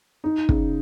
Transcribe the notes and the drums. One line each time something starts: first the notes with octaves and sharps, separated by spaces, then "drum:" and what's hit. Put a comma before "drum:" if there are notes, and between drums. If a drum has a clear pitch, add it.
D#4
C#3, drum: kick